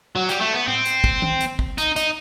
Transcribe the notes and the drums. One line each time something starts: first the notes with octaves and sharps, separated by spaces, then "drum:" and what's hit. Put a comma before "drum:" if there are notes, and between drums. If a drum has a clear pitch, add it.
F#3
G3, drum: hi-hat
A3
B3
C4, drum: tom A2
drum: hi-hat
drum: kick
drum: tom D#3
drum: hi-hat
drum: kick
D#4, drum: hi-hat
D#4, drum: hi-hat